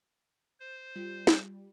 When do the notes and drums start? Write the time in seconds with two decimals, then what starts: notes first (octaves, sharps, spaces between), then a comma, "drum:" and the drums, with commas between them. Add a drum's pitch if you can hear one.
0.60 C5
0.96 G3 F4
1.27 drum: snare